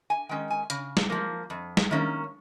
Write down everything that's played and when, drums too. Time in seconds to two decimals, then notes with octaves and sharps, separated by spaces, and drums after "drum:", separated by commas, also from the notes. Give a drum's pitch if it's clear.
0.10 G#5
0.29 D#3 G#3 C#4 G5
0.50 G#5
0.70 C#3, drum: hi-hat
0.97 drum: snare
1.10 F3 A#3
1.50 F2
1.77 drum: snare
1.91 D#3 A#3 C#4